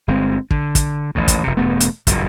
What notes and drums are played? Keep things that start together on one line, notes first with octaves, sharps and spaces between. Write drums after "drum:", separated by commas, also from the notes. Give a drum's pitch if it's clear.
G1 G#3 C4
D3, drum: kick
drum: kick, hi-hat
A1 D#2 A2
drum: kick, hi-hat
F1 C3
E1 G2 A3 B3
drum: hi-hat
F#1 E2 G2 A#2, drum: kick, hi-hat